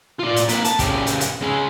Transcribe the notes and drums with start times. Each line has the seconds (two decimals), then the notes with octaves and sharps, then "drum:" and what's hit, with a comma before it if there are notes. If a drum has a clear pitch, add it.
0.19 F4 D5
0.36 drum: hi-hat
0.49 A#3 B4, drum: hi-hat
0.64 A5, drum: hi-hat
0.79 C#3 G4, drum: kick, hi-hat
1.07 drum: hi-hat
1.21 drum: hi-hat
1.41 C#3 G#3